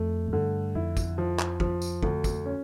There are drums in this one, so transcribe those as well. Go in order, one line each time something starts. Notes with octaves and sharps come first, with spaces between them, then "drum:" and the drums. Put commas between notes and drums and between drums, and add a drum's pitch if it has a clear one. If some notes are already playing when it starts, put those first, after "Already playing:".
Already playing: F2 A3
A2
G2 D3
F2 E4
drum: kick, tambourine
F3
drum: clap
F3, drum: kick
drum: tambourine
D2, drum: kick
drum: kick, tambourine
C#4